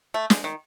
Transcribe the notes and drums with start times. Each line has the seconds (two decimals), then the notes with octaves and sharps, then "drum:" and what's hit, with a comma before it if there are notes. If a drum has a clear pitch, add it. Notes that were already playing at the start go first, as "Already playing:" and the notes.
0.14 A3
0.30 G#3, drum: snare
0.44 D#3